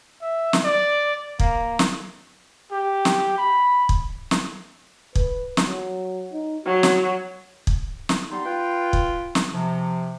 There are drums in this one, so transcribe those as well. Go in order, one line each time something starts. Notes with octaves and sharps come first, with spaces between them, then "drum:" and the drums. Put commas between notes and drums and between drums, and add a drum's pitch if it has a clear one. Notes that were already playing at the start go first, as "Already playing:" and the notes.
E5
drum: snare
D5
A#3, drum: kick
drum: snare
G4
drum: snare
B5
drum: kick
drum: snare
B4, drum: kick
drum: snare
F#3
D#4
F#3 F#4
drum: snare
drum: kick
drum: snare
G3 B3 D#4 C6
F4 B4 G5
drum: kick
drum: snare
C3 F3